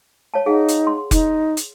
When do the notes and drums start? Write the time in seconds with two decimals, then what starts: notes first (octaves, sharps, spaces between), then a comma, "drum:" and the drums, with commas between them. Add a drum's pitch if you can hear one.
0.34 C#5 F5 A5
0.46 D#4 G#4 F5 F#5
0.68 drum: hi-hat
0.87 C6
1.11 D#4, drum: kick F1, hi-hat
1.57 drum: hi-hat